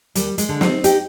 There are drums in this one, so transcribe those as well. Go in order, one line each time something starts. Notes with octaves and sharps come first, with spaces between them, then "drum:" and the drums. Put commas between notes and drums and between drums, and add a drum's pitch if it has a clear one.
D#2 G3, drum: hi-hat
G#3, drum: hi-hat
D3
C4 D#4, drum: snare
D#4 G4, drum: hi-hat